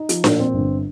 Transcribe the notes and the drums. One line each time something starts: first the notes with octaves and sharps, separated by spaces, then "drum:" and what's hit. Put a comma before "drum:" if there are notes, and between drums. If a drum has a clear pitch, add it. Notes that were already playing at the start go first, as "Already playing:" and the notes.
Already playing: D#4
F3, drum: hi-hat
A#2, drum: snare D4
C4
G1